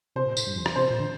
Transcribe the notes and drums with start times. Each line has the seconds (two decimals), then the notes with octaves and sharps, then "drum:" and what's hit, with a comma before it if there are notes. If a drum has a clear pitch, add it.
0.16 C3 C5
0.27 A#2
0.37 A2, drum: tambourine
0.47 G2
0.56 F2
0.66 E2, drum: rim click
0.75 C3 C5
0.90 A#2
1.00 D3